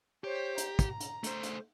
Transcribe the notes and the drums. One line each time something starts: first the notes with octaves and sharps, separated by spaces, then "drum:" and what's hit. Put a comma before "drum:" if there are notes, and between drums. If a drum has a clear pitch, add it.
G4 C5 C#5
A#5, drum: hi-hat
drum: kick, hi-hat
drum: hi-hat
A3 C5, drum: hi-hat
drum: hi-hat